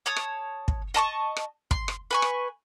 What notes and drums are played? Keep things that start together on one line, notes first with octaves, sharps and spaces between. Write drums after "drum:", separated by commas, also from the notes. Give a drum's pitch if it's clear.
C#5 A5 D#6
drum: rim click
drum: kick
D#5 A5 C6 C#6
drum: rim click
C6, drum: kick
drum: rim click
B4 G#5 C#6
drum: rim click